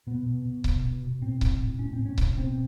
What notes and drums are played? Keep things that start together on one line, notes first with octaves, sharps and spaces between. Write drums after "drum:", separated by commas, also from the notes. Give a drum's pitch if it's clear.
B2 B3
B2
B2
B2, drum: kick C#1
B2
B2
A2 C4
A2, drum: kick C#1
A2
A2 C#4
C4
A2
C#4
A2, drum: kick C#1
B2 C4